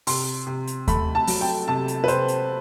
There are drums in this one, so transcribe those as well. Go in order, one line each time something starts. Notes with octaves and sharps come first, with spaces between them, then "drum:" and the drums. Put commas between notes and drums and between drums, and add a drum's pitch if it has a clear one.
C3 C6, drum: open hi-hat
C3
drum: hi-hat
A3 B5, drum: kick D#2, hi-hat
A5
F#3, drum: open hi-hat
G5
C3 A5
drum: hi-hat
B4
C3 C5, drum: hi-hat
drum: hi-hat